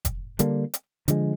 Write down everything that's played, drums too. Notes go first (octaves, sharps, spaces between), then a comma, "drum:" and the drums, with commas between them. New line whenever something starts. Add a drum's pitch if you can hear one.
drum: kick F1, hi-hat
D3 G3 A#3 D4, drum: hi-hat
drum: hi-hat
D3 F3 G#3, drum: hi-hat